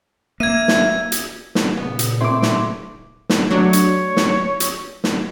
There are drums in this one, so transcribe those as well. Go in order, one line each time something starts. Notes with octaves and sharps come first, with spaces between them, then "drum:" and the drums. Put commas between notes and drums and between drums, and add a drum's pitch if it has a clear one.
A#3 E5 G#6 D#7
drum: snare
drum: hi-hat
drum: snare
A#2 C#3 B3
drum: hi-hat
A3 C4 E4 C6 D6
drum: snare
drum: snare
F#3 A3 D4 C#5
drum: hi-hat
drum: snare
drum: hi-hat
drum: snare